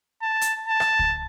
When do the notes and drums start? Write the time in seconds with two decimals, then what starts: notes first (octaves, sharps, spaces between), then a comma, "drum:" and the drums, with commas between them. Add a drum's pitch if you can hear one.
0.22 A5
0.41 drum: hi-hat
0.68 A5
0.80 drum: rim click
0.99 drum: kick C#2